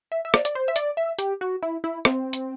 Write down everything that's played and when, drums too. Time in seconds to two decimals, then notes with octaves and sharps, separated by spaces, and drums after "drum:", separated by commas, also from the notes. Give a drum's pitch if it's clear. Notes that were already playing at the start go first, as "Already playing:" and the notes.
0.12 E5
0.25 E5
0.34 D5, drum: rim click
0.45 D5, drum: hi-hat
0.55 C5
0.68 E5
0.76 D5, drum: hi-hat
0.97 E5
1.19 G4, drum: hi-hat
1.41 F#4
1.62 E4
1.84 E4
2.05 C4, drum: rim click
2.33 drum: hi-hat